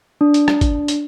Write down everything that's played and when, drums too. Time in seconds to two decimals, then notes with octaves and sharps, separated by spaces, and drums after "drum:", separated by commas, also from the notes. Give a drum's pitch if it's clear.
0.21 D4
0.34 drum: hi-hat
0.48 drum: rim click
0.61 drum: kick, hi-hat
0.88 drum: hi-hat